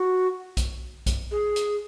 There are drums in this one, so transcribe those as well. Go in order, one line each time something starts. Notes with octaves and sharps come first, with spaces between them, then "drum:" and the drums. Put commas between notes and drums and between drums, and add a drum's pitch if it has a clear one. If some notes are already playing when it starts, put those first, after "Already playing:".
Already playing: F#4
drum: kick B1, hi-hat
drum: kick B1, hi-hat
G#4
drum: hi-hat